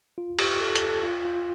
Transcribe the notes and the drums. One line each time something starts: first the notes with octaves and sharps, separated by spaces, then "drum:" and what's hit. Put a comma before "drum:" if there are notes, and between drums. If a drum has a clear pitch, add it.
F4
G4, drum: cymbal
A4
A4, drum: hi-hat
A4
F4
F4